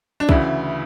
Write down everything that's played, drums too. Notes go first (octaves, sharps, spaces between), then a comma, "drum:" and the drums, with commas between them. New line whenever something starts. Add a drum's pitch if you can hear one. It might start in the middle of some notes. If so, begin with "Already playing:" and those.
D4
D2 C#3 E3 E4, drum: kick